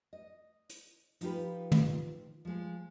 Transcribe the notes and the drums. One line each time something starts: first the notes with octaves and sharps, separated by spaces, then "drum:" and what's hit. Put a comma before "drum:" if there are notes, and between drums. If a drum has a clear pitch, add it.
D#5
drum: hi-hat
F3 D#4 F4 G4 B4, drum: hi-hat
drum: tom
F3 G#3